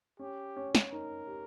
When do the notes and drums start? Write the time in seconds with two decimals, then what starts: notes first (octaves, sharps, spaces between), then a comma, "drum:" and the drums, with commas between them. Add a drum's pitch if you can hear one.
0.19 C#4 G4
0.56 C#4
0.75 drum: snare
0.92 D#4 A#4
1.27 G4